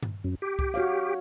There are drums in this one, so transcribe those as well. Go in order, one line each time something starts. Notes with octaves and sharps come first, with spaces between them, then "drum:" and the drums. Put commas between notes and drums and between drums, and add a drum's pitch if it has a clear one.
drum: tom G2
F#2
G4
drum: kick C2
F#4 C#5 F5